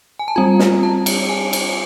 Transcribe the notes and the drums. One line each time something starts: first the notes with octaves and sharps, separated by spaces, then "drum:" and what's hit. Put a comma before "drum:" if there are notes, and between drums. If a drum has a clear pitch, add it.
G#5
A5
G3 C4 F4 A#5
drum: snare
A5
drum: cymbal
G#5
drum: cymbal